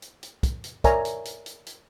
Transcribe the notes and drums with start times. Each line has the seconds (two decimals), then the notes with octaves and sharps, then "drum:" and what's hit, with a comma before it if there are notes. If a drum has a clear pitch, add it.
0.02 drum: hi-hat
0.23 drum: hi-hat
0.43 drum: kick, hi-hat
0.64 drum: hi-hat
0.84 A#4 C#5 D5 E5 G#5 A#5, drum: kick, hi-hat
1.05 drum: hi-hat
1.25 drum: hi-hat
1.46 drum: hi-hat
1.66 drum: hi-hat